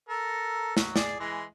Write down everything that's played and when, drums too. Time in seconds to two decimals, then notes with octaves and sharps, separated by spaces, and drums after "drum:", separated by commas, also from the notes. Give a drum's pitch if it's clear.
0.09 A4 A#4
0.77 F#3, drum: snare
0.96 G#4 D5, drum: snare
1.20 E3 G#3